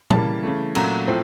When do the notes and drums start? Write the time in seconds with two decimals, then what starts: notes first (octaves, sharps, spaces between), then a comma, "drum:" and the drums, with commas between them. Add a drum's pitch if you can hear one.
0.10 C#3 E3 G3 A#3 A5, drum: tom A#2
0.43 C#3 E3 A3
0.75 A#2 F#3 A3 C#4 A#5, drum: cymbal
1.08 A2 F3 C4